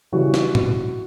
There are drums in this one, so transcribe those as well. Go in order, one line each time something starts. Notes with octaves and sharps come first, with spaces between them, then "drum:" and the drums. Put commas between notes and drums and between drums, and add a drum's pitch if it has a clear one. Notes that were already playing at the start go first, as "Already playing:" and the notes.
C#3 E3 G3 E4 F#4
drum: snare
drum: tom